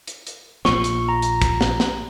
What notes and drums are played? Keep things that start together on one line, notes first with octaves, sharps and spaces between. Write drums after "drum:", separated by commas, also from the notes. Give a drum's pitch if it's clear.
drum: hi-hat
drum: hi-hat
A#1 F3 C#6, drum: snare
drum: hi-hat
A#5
drum: hi-hat
drum: kick, hi-hat
drum: snare
drum: snare